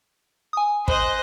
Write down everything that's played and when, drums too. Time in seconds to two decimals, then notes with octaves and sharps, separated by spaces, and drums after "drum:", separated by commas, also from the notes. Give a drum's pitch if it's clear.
0.53 G#5 D#6
0.88 C5 D#5 F#6, drum: kick